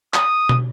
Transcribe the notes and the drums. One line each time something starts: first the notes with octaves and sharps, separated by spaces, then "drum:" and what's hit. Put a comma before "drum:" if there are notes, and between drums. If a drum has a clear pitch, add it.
D#6, drum: clap
drum: tom